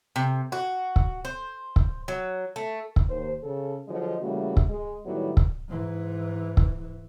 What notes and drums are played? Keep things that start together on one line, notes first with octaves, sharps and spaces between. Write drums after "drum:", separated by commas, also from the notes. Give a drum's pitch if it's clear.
C3
F#4
drum: kick
C5
drum: kick
F#3
A3
drum: kick
D#2 C5
C#3 A4
D3 F3 F#3 G#3 D#5
C#3 E3 G3 A3 A#3 F#4
drum: kick
G#3
A2 D#3 F#3 G3 B3 E4
drum: kick
G#2 E3
drum: kick